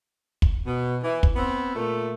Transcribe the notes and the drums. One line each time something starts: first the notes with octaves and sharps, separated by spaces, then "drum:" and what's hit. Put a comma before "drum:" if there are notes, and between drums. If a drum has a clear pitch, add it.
drum: kick
B2
E3
drum: kick
B3 C4
A#2 A3